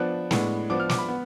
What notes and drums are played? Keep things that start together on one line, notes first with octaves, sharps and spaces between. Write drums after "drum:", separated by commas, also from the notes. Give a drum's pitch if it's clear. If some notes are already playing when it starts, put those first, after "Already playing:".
Already playing: F3 B3 D4 F#6
A2 G#3 B3 D4, drum: snare
F3 B3 D4 D6
F6
D6, drum: snare
B5
B3